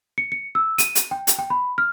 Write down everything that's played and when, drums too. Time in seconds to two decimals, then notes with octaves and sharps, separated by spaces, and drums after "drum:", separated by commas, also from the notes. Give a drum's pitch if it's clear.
0.18 C#7
0.32 C#7
0.55 E6
0.78 D#7, drum: hi-hat
0.95 drum: hi-hat
1.11 G5
1.27 drum: hi-hat
1.38 G5
1.50 B5
1.78 F6